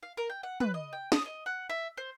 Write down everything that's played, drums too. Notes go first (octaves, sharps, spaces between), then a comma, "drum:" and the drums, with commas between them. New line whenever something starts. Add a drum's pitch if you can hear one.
F5
A#4
G5
F#5
B4, drum: tom
D#5
G5
D#6, drum: snare
D#5
F#5
E5
C5